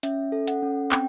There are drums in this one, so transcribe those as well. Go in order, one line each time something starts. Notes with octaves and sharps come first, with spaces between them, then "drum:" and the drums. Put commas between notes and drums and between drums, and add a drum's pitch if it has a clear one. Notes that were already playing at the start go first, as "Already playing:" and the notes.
C#4 E5, drum: hi-hat
A4
F#5, drum: hi-hat
C#4
C4 G5, drum: clap